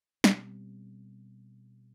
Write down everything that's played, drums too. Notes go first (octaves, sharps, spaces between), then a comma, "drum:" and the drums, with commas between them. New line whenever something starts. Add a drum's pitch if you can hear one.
B2 G3 C4, drum: snare